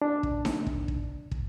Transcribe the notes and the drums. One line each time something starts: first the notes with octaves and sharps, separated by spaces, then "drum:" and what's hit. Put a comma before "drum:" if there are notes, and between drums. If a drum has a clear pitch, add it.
D4
drum: kick
drum: snare D#4
drum: kick
drum: kick
drum: kick